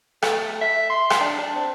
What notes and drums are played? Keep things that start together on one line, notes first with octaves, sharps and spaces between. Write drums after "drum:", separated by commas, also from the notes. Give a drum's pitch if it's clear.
A3, drum: rim click
E5
C6
drum: rim click
D4
D4
C4